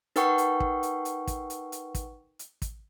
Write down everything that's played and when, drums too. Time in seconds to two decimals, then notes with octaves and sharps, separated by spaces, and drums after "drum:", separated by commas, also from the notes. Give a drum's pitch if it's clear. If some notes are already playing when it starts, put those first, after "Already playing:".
0.16 D#4 A#4 B4 F#5 G5 C#6, drum: hi-hat
0.38 drum: hi-hat
0.60 drum: kick
0.83 drum: hi-hat
1.05 drum: hi-hat
1.27 drum: kick, hi-hat
1.50 drum: hi-hat
1.72 drum: hi-hat
1.95 drum: kick, hi-hat
2.39 drum: hi-hat
2.62 drum: kick, hi-hat